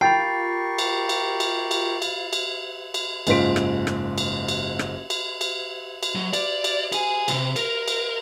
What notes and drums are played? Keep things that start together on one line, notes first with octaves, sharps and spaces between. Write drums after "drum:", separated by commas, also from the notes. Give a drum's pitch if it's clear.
F4 G4 A#4 G5 B5 C#6 A6 C7
drum: cymbal
drum: cymbal
drum: cymbal
drum: cymbal
drum: cymbal
drum: cymbal
drum: cymbal
F#1 G#2 F4 C5 B6 D7, drum: cymbal
drum: rim click
drum: rim click
drum: cymbal
drum: cymbal
drum: rim click
drum: cymbal
drum: cymbal
drum: cymbal
F#3
D5, drum: cymbal
drum: cymbal
G#4 G#5, drum: cymbal
C2 C3, drum: cymbal
A#4, drum: cymbal
drum: cymbal